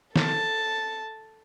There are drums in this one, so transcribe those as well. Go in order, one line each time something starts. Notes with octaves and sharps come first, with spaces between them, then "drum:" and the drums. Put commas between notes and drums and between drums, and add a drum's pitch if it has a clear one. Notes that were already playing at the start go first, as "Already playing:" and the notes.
A4 A5, drum: snare